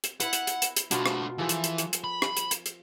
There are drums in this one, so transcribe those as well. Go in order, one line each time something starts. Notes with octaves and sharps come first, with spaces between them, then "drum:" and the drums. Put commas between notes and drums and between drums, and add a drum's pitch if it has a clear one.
drum: hi-hat
E4 B4 F#5, drum: hi-hat
drum: hi-hat
drum: hi-hat
drum: hi-hat
drum: hi-hat
B2 B3 D4 F4 F#4, drum: hi-hat
drum: rim click
E3 F3 G#4 A4
drum: hi-hat
drum: hi-hat
drum: hi-hat
drum: hi-hat
B5
drum: rim click
drum: hi-hat
drum: hi-hat
drum: hi-hat